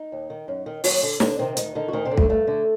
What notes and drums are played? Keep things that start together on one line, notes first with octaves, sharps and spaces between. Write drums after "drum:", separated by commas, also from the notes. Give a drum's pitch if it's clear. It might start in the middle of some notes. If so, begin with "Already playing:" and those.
Already playing: D#4
D#2
D#3
F#2
D#3
D#2 F#3 F#4, drum: open hi-hat
D3
D#2 D3 D4, drum: snare
C3 D#3 C4
D2 D#3 D#4, drum: hi-hat
D3 D#3 D#4
F#4
D2 D#3 D#4
C3 C4
D3
A3, drum: kick
G2 A3
D3